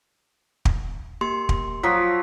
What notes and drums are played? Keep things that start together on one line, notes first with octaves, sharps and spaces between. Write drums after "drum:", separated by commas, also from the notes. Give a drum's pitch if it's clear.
drum: kick
A#3 G4 C6
drum: kick
F3 F#3 F4 B6